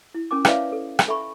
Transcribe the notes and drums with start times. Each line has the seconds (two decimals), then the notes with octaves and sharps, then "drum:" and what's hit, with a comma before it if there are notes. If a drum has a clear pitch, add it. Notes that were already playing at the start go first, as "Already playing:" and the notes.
0.15 E4
0.31 C#4 A#4 G#5 D6
0.45 E4 B4 C#5 D5 E5 F5, drum: rim click
0.72 A4
0.99 drum: rim click
1.08 A4 E5 G#5 B5 C#6